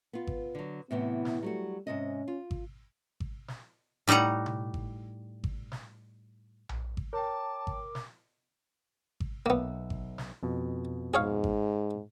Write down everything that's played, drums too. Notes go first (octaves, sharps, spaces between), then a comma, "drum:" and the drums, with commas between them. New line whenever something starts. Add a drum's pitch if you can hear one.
B3 F4
drum: kick G#1
D3 F#3
A2 C3 E3 B3
drum: snare
F#3 G3 A3 F#4
G#2 C3 C#4 D#5
F4
drum: kick G#1
drum: kick G#1
drum: snare
A2 G3 D#4 F#5 A#5
drum: tom B2
drum: kick G#1
drum: kick G#1
drum: snare
drum: tom A#1
drum: kick G#1
A#4 C#5 G5 A5 D6
drum: kick G#1
drum: snare
drum: kick G#1
B1 A#3 B3 E5 F#5
drum: kick G#1
drum: snare
F2 B2
G#2 G#4 C#5 F5
drum: kick G#1